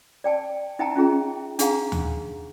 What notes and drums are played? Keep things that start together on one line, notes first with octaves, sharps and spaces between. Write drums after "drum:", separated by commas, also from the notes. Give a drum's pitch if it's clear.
D5 G5 A5
D#4 E5 F#5 G5 A5 A#5
C#4 F4 G#4 A#5
D4 D#4 G#4 F5 F#5 A#5, drum: hi-hat
drum: tom D2